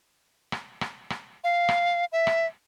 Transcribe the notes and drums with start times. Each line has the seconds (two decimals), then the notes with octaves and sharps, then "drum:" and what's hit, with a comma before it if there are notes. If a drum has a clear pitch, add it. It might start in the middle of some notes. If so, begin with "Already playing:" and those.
0.52 drum: rim click
0.81 drum: rim click
1.10 drum: rim click
1.44 F5
1.69 drum: rim click
2.12 E5
2.27 drum: rim click